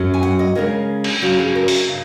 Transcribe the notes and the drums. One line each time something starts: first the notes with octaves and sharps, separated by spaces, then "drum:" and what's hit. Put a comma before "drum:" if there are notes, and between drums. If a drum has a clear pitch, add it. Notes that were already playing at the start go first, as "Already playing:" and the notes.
Already playing: F#2 F#3 C#4
G#5
F#5
D#5
C#3 G#3 C#4 A#4
drum: cymbal
C#3 F#3 C#4 F#4
G#4
A#4
drum: open hi-hat
C#3